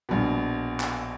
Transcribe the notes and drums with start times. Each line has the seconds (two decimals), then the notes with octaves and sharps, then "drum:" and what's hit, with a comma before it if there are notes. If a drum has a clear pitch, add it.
0.09 A#1 B2
0.80 drum: clap